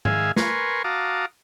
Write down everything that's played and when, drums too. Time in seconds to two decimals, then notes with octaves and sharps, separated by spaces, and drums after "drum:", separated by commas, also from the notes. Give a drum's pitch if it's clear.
0.05 G#2 D#3 G#4 E5 F5 G#5, drum: tom G#2
0.36 A#4 B4 G#5 C6 C#6, drum: snare
0.84 F#4 F5 A5 A#5 D6 D#6